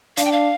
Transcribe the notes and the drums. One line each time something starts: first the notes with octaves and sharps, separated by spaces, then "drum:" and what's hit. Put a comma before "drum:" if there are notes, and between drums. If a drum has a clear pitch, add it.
D4 F5, drum: hi-hat
G5
F5